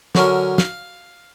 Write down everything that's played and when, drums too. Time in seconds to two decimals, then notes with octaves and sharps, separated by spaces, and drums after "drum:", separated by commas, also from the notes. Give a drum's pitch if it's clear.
0.15 D3 F#3 C#4 A#4, drum: snare
0.58 F5, drum: snare